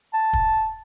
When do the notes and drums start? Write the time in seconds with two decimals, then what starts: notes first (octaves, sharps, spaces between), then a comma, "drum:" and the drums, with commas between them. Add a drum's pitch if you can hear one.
0.14 A5
0.33 drum: kick